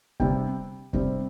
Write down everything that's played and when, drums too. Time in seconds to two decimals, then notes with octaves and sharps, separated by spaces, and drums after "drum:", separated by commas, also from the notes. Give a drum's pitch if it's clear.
0.20 C3 G3 C4 G5, drum: kick
0.93 C3 G3 C4, drum: kick